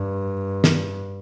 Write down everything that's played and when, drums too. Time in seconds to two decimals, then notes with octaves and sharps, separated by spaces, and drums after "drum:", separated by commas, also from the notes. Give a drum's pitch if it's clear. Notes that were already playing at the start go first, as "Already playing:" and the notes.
Already playing: G2
0.64 drum: snare